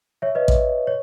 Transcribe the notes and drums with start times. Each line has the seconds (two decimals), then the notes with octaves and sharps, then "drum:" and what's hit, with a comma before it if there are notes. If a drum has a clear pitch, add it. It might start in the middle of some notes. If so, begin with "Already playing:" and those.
0.22 C#5 E5
0.35 B4 D#5
0.48 drum: kick
0.87 C#5